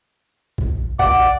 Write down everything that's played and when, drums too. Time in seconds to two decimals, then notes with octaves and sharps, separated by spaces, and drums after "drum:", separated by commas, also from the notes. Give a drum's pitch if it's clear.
0.58 drum: kick A#1
0.99 D5 F#5, drum: kick A#1